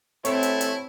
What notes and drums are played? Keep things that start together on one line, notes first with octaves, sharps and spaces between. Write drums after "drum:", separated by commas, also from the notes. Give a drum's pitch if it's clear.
A3 C4 E4 C#5, drum: hi-hat
drum: hi-hat
drum: hi-hat